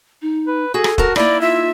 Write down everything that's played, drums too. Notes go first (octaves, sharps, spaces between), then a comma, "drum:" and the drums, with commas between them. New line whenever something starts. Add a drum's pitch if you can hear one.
D#4
B4
F#4 G#4 A4
drum: rim click
F#4 A#4 A5, drum: kick
A#3 D#4 E4 D5 B5, drum: rim click
F4 E5